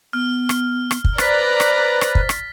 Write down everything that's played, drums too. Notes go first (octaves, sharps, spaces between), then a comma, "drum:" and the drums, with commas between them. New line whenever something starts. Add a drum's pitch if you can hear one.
B3 F6
drum: rim click
drum: rim click
drum: kick
B4 C5 D5 A#5 A6 B6, drum: rim click
drum: rim click
drum: rim click
drum: kick
drum: rim click